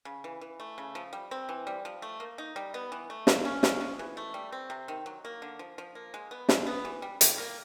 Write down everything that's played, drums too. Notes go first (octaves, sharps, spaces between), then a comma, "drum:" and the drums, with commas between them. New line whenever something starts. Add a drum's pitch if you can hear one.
C#3
E3
E3
A3
C#3
F3
G3
C4
E3
G3
F3
A3
A#3
D#4
G3
B3
E3
A3
A#3, drum: snare
C#4
F3, drum: snare
G#3
E3
A3
G3
C4
C3
D#3
F#3
A#3
D3
F3
F3
A#3
G#3
B3
G#3, drum: snare
B3
E3
G3
G3, drum: hi-hat
A#3